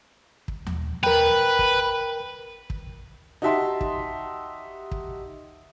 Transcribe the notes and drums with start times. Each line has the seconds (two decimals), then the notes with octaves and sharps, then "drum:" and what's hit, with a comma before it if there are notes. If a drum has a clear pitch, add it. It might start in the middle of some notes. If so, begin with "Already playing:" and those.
0.48 drum: kick
0.67 drum: tom D#2
1.03 A#4 B4 G5, drum: tom D#2
1.59 drum: kick
2.70 drum: kick
3.42 D#4 F#4 G4 E5 A5 C6
3.81 drum: kick
4.91 drum: kick